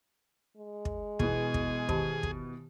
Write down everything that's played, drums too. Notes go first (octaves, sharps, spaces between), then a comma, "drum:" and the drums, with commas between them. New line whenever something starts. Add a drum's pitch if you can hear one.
G#3
drum: kick
B2 E3 B3 G#4, drum: kick
drum: kick
D#3 G4 A5, drum: kick
drum: kick